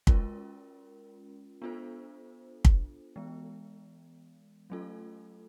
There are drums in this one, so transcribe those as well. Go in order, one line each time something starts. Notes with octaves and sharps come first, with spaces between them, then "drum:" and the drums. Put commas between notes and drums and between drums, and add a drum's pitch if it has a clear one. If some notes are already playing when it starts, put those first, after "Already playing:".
G#3 C#4 F4 A#4, drum: kick
B3 D4 F4 A4 C5
drum: kick
E3 G#3 B3
F#3 A3 C#4 F4 A4